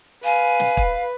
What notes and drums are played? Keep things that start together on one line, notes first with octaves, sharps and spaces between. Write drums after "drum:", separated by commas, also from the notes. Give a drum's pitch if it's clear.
B4 F5 G#5
drum: snare
drum: kick